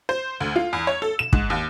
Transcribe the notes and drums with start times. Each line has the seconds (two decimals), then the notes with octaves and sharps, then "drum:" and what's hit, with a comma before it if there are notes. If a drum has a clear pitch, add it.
0.09 C5
0.40 D2
0.56 F4
0.73 E2
0.87 C#5
1.02 A4
1.19 E7
1.33 G#2, drum: kick
1.50 D#2